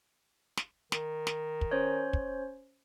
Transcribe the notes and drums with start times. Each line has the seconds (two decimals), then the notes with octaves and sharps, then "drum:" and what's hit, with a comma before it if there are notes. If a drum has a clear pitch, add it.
0.57 drum: snare
0.92 D#3, drum: snare
1.27 drum: snare
1.61 drum: kick
1.71 C#4 C5 C#5
2.13 drum: kick